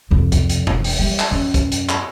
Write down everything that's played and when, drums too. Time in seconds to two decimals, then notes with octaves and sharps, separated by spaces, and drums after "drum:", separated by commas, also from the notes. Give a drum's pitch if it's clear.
0.11 C2 F2
0.32 drum: kick, hi-hat
0.50 drum: hi-hat
0.67 E1, drum: tom F2
0.84 drum: open hi-hat
0.99 G3
1.19 drum: clap
1.31 F#2
1.54 drum: kick, hi-hat
1.72 drum: hi-hat
1.89 drum: clap